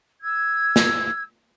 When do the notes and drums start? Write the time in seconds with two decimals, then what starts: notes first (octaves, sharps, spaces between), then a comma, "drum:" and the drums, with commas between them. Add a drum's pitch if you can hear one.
0.21 E6 G#6
0.76 drum: snare